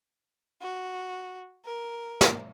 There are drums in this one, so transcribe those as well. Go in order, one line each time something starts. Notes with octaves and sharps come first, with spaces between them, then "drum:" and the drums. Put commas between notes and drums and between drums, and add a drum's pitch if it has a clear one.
F#4
A#4
drum: snare